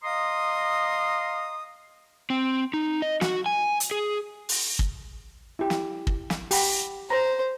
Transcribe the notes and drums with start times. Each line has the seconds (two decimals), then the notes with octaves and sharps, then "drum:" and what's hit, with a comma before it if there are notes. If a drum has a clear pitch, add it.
0.04 D#5 F5 A#5 C6 D#6
2.30 C4
2.74 D#4
3.02 D#5
3.21 F#4, drum: snare
3.46 G#5
3.80 drum: hi-hat
3.91 G#4
4.49 drum: open hi-hat
4.79 drum: kick
5.59 E4 G4
5.70 drum: snare
6.07 drum: kick
6.30 drum: snare
6.51 G4 F#5 B5, drum: open hi-hat
7.10 C5 A#5